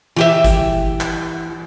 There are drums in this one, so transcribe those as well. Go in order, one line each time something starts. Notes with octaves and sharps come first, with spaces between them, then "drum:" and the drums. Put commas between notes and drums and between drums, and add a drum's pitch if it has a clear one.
E3 G4 E5
drum: kick G1, hi-hat
drum: clap